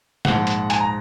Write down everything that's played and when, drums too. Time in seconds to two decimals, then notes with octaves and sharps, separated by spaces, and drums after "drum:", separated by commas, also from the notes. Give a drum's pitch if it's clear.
0.25 A#1 G#2 F3 F#5, drum: snare
0.47 drum: hi-hat
0.70 G#5, drum: hi-hat
0.80 A#5